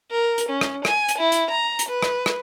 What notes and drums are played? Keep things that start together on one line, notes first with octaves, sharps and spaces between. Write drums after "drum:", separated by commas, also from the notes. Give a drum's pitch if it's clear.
A#4
drum: hi-hat
C#4
drum: rim click
G#5, drum: rim click
drum: hi-hat
E4
drum: hi-hat
A#5
drum: hi-hat
B4
drum: rim click
drum: rim click